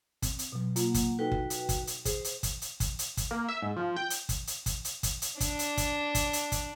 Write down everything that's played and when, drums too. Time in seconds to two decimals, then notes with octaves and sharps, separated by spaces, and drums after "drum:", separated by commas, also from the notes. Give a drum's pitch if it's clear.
0.22 C4, drum: kick, hi-hat
0.39 drum: hi-hat
0.52 B2 F#3
0.76 A#3 F4 F#5, drum: hi-hat
0.94 drum: kick, hi-hat
1.19 D#4 F#4 A4 B4 G5
1.32 drum: kick
1.50 drum: hi-hat
1.69 drum: kick, hi-hat
1.87 drum: hi-hat
2.05 G#4 C5, drum: kick, hi-hat
2.24 drum: hi-hat
2.43 drum: kick, hi-hat
2.62 drum: hi-hat
2.80 drum: kick, hi-hat
2.99 drum: hi-hat
3.17 drum: kick, hi-hat
3.31 A#3
3.49 E5
3.62 G#2
3.76 F3
3.96 G5
4.10 drum: hi-hat
4.29 drum: kick, hi-hat
4.47 drum: hi-hat
4.66 drum: kick, hi-hat
4.85 drum: hi-hat
5.03 drum: kick, hi-hat
5.22 drum: hi-hat
5.40 D4, drum: kick, hi-hat
5.59 drum: hi-hat
5.77 drum: kick, hi-hat
6.15 drum: kick, hi-hat
6.33 drum: hi-hat
6.52 drum: kick, hi-hat